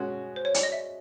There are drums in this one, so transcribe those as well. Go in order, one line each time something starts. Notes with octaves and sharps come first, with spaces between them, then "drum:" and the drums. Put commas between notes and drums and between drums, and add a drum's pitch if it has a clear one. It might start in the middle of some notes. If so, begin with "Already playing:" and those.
Already playing: B2 G#3 C#4 F#4
C5
C#5
D5, drum: hi-hat
D#5
E5